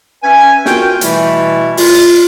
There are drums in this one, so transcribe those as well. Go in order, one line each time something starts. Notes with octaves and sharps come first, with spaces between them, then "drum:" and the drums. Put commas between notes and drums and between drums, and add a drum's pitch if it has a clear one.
C#4 B4 E5 G#5
F4 F#4 A#4 G5, drum: snare
B2 E3 G3 A3 E4, drum: hi-hat
F4, drum: open hi-hat